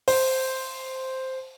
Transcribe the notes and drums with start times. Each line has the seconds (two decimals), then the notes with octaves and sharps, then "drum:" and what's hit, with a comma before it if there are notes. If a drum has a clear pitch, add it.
0.08 C5, drum: open hi-hat